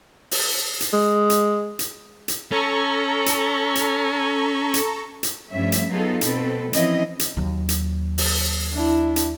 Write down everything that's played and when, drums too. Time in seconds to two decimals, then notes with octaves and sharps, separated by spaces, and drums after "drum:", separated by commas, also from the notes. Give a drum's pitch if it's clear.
0.31 drum: open hi-hat
0.81 drum: hi-hat
0.93 G#3
1.30 drum: hi-hat
1.79 drum: hi-hat
2.28 drum: hi-hat
2.52 C#4 A4 A#5 C#6
3.26 drum: hi-hat
3.75 drum: hi-hat
4.74 drum: hi-hat
5.23 drum: hi-hat
5.52 G2 F3 A3 C#4 E5
5.72 drum: hi-hat
5.90 F#3 B3 D#4 F4 G#4 A4
6.21 B2 C4 A4 B4, drum: hi-hat
6.73 E3 F3 C4 C#4 E4 D#5, drum: hi-hat
7.19 drum: hi-hat
7.37 D#2 F#3
7.69 drum: hi-hat
8.18 drum: open hi-hat
8.73 D4 E4
9.16 drum: hi-hat